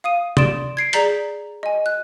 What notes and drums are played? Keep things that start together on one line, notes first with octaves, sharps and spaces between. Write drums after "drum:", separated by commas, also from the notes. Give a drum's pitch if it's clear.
F5 D#6 D#7
D5 C6 D#6 A6 D7 E7, drum: tom C3
G#6 C7 D7
G#4 D5 A#5 G6 B6, drum: hi-hat
D#5 G#5
F#6